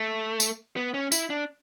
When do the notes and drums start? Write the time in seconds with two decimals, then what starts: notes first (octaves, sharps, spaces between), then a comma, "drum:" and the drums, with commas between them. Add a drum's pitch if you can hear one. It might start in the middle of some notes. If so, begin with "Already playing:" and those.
Already playing: A3
0.40 drum: tambourine
0.76 B3
0.94 C#4
1.12 E4, drum: tambourine
1.30 D4